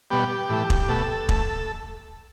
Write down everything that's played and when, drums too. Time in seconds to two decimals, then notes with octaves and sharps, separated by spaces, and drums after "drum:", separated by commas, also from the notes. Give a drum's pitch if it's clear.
0.10 B2 G3 B3 G4
0.49 A2 E3 A3
0.70 drum: kick
0.89 B2 A3 A4
1.29 A3, drum: kick